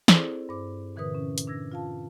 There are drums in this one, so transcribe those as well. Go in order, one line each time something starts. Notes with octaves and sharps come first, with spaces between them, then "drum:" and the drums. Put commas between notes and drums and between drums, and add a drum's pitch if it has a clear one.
C4 E4 G#4 A4 C5 D5, drum: snare
G2 C5 D6
A#2 D3 E3 A#4 B4 D#6
C#4
drum: hi-hat
D4 E6 G#6 A#6
F4 F5 A5